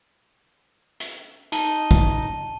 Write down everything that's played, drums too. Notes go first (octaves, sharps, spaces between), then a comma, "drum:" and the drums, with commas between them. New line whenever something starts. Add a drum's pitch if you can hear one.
drum: hi-hat
D#4 A5 D#7 G7, drum: hi-hat
drum: kick